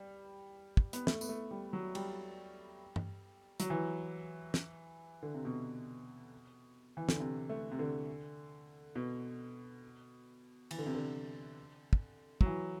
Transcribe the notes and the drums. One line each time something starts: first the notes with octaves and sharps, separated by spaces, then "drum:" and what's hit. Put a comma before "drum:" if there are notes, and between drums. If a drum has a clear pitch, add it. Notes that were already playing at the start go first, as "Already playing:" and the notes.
Already playing: G3
drum: kick
B3, drum: hi-hat
A3, drum: snare
B3, drum: tambourine
A3
G3
F#3
G3, drum: cymbal
drum: tom G2
F#3, drum: hi-hat
E3
drum: snare
D3
C3
B2
E3
D3, drum: snare
C3
A3
C3
D3
B2
E3, drum: cymbal
D3
C3
D3
drum: kick
F#3, drum: kick
E3